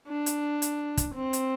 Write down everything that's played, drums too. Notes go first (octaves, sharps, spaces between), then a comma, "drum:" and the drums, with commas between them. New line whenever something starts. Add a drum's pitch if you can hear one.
D4
drum: hi-hat
drum: hi-hat
drum: kick, hi-hat
C4
drum: hi-hat